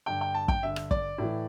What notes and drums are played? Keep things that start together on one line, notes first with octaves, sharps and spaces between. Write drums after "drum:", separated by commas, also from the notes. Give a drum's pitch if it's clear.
G2 D3 G5
G5
A5
G5, drum: kick
G2 D3 E5
drum: rim click
D5, drum: kick
A2 E3